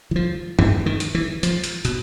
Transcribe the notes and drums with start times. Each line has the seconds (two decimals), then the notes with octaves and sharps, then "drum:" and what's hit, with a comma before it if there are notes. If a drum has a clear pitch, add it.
0.11 E3
0.16 F3
0.59 E3, drum: tom G2
0.86 D#3
1.00 drum: hi-hat
1.15 E3
1.43 F3, drum: hi-hat
1.64 drum: hi-hat
1.85 B2, drum: hi-hat